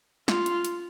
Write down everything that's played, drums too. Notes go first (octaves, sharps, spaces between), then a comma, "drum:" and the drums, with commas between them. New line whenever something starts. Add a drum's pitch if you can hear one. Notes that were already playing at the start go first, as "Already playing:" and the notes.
F4, drum: snare
drum: hi-hat
drum: hi-hat